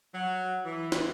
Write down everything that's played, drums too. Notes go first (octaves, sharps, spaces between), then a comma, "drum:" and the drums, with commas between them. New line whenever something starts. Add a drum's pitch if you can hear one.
F#3
E3
drum: snare